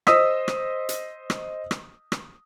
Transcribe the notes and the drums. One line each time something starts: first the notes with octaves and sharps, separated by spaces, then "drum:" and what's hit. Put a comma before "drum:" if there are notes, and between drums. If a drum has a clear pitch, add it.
C5 D#5 D#6 E6 B6, drum: rim click
drum: rim click
drum: hi-hat
drum: rim click
drum: rim click
drum: rim click